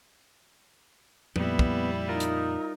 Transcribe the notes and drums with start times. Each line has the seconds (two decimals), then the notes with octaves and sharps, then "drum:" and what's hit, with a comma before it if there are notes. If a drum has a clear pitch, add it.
1.36 F2 A#2 G3 B3 E4, drum: tom
1.59 drum: kick
2.09 D#4 F4 A#4
2.20 drum: hi-hat